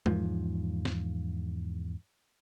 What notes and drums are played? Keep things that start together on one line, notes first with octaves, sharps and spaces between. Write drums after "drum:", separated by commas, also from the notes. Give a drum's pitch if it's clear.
E2 G#2 F3, drum: tom G#3
drum: snare